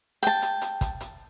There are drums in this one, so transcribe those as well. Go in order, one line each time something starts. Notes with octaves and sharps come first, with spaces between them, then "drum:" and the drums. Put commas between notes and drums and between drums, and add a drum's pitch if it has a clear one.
G5 A5, drum: hi-hat
drum: hi-hat
drum: hi-hat
drum: kick, hi-hat
drum: hi-hat